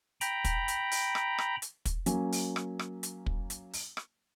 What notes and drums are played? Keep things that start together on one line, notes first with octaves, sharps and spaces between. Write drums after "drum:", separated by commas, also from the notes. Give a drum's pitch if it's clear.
G5 A#5 B5, drum: hi-hat
drum: kick, hi-hat
drum: hi-hat
drum: open hi-hat
drum: rim click
drum: rim click
drum: hi-hat
drum: kick, hi-hat
F#3 A#3 C#4, drum: hi-hat
drum: open hi-hat
drum: rim click
drum: rim click
drum: hi-hat
drum: kick
drum: hi-hat
drum: open hi-hat
drum: rim click